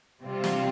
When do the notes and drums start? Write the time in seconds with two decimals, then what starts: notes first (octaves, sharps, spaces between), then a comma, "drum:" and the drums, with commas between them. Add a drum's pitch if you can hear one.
0.23 C3 G3 C4 F4
0.44 drum: snare